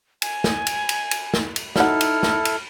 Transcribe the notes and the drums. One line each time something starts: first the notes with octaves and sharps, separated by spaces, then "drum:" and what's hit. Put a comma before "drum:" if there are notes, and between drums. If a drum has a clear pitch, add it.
G#5, drum: cymbal
drum: snare
drum: cymbal
drum: cymbal
drum: cymbal
drum: snare
drum: cymbal
F#3 D#4 E4 A4 F#5 F6, drum: snare
drum: cymbal
drum: snare
drum: cymbal